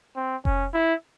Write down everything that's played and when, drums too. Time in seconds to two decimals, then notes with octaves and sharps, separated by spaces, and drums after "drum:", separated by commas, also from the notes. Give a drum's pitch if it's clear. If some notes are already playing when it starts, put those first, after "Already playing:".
0.16 C4
0.45 C#4, drum: kick F1
0.74 E4